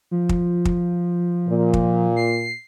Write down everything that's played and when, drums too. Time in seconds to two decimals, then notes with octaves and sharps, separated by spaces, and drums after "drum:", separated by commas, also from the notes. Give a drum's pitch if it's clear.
0.11 F3
0.29 drum: kick
0.65 drum: kick
1.48 A#2
1.74 drum: kick
2.17 C7